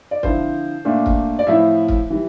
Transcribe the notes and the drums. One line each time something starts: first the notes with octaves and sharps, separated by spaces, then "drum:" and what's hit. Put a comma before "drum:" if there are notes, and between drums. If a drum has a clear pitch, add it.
D5
D3 F3 C4 E4 C5, drum: kick
A#2 A3 D4
drum: kick
D5
A2 F3 C4 E4 E5
drum: kick
E3 G3